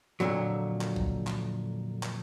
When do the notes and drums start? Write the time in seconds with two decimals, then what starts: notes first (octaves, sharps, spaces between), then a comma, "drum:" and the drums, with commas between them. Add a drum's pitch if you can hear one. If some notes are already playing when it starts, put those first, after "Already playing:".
0.20 F2 A#2 D3 F#3
0.81 drum: clap
0.96 drum: kick
1.27 drum: clap
2.03 drum: clap